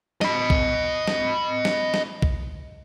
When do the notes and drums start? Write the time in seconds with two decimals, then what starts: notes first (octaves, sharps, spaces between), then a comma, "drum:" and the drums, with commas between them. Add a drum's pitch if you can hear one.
0.21 D#5 B5, drum: snare
0.50 drum: kick A#1
1.08 drum: snare
1.65 drum: snare
1.94 drum: snare
2.22 drum: kick A#1